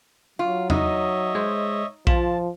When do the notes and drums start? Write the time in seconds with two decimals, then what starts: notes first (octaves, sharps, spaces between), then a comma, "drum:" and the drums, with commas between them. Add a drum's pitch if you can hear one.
0.39 F#3 F4
0.70 D#4 C#5 D#5 E5, drum: tom E2
1.35 G#3 C5
2.07 F3 F4 A5, drum: kick A#1